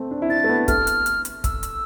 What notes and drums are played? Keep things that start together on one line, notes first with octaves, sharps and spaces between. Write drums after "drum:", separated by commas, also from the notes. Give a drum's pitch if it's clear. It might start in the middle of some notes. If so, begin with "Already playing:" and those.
Already playing: A3 C4
D4
E4
D4 A6
A3
B3
A3 F6, drum: kick, hi-hat
drum: hi-hat
drum: hi-hat
drum: hi-hat
E6, drum: kick, hi-hat
drum: hi-hat